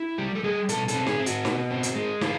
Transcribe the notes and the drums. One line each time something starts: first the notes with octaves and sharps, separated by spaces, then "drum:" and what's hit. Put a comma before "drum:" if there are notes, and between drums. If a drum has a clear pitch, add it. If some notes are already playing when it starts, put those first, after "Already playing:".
Already playing: E4
G3 G4
A4
G3 G#4
B2 A4, drum: hi-hat
A4, drum: hi-hat
C4
G#4, drum: snare
C4
F#4, drum: hi-hat
B2, drum: snare
C4
drum: hi-hat
G#3
E3 F4, drum: snare